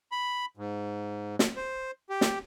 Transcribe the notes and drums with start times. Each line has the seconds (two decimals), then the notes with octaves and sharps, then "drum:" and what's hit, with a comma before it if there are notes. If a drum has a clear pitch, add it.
0.12 B5
0.57 G#2
1.39 drum: snare
1.56 C5
2.10 G4
2.21 drum: snare